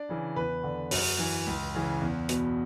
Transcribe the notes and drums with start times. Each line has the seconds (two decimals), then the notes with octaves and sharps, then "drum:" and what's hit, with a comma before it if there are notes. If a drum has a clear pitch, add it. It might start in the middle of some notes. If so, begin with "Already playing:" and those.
Already playing: D4 D5
0.09 C#3 E3
0.36 E2 B4
0.64 D3
0.91 F#2, drum: open hi-hat
1.18 E3
1.47 C#2
1.75 C#3 E3
2.02 E2
2.29 B2, drum: hi-hat